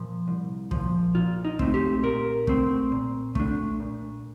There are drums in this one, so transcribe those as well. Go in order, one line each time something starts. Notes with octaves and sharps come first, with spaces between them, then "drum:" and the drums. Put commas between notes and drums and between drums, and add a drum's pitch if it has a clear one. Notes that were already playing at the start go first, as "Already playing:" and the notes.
Already playing: A#2 F3
C2
A#2 F3, drum: kick
A#2 F4
D#4
A3 C4, drum: kick
G4
A#2 A#4
A3 C4, drum: kick
A#2
A3 D4, drum: kick
A#2